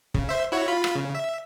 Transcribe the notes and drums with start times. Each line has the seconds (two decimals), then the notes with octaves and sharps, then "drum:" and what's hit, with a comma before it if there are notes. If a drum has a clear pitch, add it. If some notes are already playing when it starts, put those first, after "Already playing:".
0.14 C#3, drum: kick
0.29 C5 E5
0.52 E4 F#4 C#5
0.68 F4 B5
0.84 drum: rim click
0.95 C#3
1.15 E5